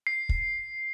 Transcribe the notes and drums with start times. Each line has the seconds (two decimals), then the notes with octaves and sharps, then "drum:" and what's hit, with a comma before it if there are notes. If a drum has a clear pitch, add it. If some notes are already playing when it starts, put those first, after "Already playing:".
0.07 C7
0.29 drum: kick